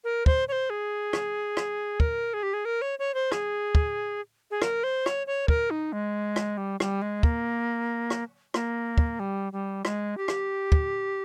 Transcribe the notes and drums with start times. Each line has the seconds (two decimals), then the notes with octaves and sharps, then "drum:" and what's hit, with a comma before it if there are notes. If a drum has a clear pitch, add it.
0.04 A#4
0.26 C5, drum: kick
0.48 C#5
0.52 C5
0.70 G#4
1.13 drum: rim click
1.57 drum: rim click
2.00 A#4, drum: kick
2.34 G#4
2.43 G4
2.54 G#4
2.65 A#4
2.82 C#5
2.99 C#5
3.14 C5
3.32 G#4, drum: rim click
3.75 drum: kick
4.51 G#4
4.62 A#4, drum: rim click
4.84 C5
5.06 C#5, drum: rim click
5.27 C#5
5.48 A#4, drum: kick
5.71 D#4
5.93 G#3
6.36 drum: rim click
6.57 G3
6.80 G3, drum: rim click
7.02 G#3
7.23 A#3, drum: kick
8.10 drum: rim click
8.54 A#3, drum: rim click
8.98 drum: kick
9.20 G3
9.53 G3
9.85 G#3, drum: rim click
10.17 G4
10.28 drum: rim click
10.72 drum: kick